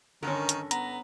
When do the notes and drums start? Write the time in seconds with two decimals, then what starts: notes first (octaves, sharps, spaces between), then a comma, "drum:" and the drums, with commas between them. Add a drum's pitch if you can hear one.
0.23 G2 D3 D#3 C#4 A#4
0.49 drum: hi-hat
0.71 B3 A#5, drum: hi-hat